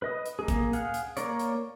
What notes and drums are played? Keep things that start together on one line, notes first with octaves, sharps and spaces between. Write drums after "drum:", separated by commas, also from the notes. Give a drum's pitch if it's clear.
B4 D#5 D#6
drum: hi-hat
A#3 G#4
drum: kick, hi-hat
G#4 F5 F#5, drum: hi-hat
drum: hi-hat
A#3 A#4 C#5 D5, drum: hi-hat
drum: hi-hat